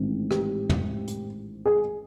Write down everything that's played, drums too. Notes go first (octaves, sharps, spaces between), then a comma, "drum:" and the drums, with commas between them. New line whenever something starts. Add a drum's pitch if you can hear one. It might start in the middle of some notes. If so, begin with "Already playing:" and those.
Already playing: A1 G#2 D#3 G#3 C4
G4, drum: rim click
drum: tom
drum: hi-hat
G#4